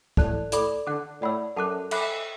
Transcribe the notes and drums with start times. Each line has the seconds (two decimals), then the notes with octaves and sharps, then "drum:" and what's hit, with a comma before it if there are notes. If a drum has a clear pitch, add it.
0.17 A2 A4 D5 A5 F#6, drum: kick
0.52 A2 A4 D5 B5 D6, drum: hi-hat
0.87 D3 F#5 D6 F#6
1.22 A2 D5 F#5 B5 E6
1.56 F#2 A4 F#5 A5 D6 F#6
1.91 A4 E5 B5 D6 F#6, drum: cymbal